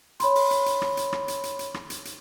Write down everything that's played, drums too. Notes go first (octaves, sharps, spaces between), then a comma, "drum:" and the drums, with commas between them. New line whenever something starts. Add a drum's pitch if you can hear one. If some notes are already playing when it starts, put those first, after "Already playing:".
C#5 B5 C6, drum: hi-hat
drum: open hi-hat
drum: hi-hat
drum: hi-hat
drum: rim click
drum: hi-hat
drum: rim click
drum: hi-hat
drum: hi-hat
drum: hi-hat
drum: rim click
drum: hi-hat
drum: hi-hat